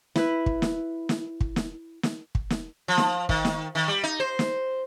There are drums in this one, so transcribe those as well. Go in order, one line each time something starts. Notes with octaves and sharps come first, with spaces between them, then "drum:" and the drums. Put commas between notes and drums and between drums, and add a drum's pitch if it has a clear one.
E4 B4, drum: snare
drum: kick
drum: snare
drum: snare
drum: kick
drum: snare
drum: snare
drum: kick
drum: snare
F3
drum: snare
D#3, drum: kick
drum: snare
D#3
G3
D#4
C5
drum: snare